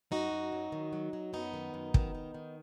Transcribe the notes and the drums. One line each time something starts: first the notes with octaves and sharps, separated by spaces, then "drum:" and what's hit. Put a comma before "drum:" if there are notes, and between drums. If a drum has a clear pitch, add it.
F#2 D#4 F#4
F#2
F#3
D#3
F#3
F#3
F#2 B3 D#4
D#3
F#2
D#3, drum: kick
D#3
D#3